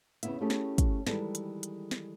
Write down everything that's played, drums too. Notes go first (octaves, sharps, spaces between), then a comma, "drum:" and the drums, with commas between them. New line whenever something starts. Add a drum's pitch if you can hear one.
E2 C#3 G#3 B3 E4 E5, drum: hi-hat
A3 C#4 E4 G4 G#4
drum: snare
drum: kick, hi-hat
D#3 E3 G3 G#3 A4, drum: snare
drum: hi-hat
drum: hi-hat
drum: snare